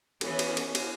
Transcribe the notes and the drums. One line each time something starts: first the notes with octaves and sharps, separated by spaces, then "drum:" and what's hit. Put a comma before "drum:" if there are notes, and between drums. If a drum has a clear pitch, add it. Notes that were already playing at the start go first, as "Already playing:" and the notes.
E3 B3 C#4, drum: cymbal
drum: cymbal
drum: cymbal
drum: cymbal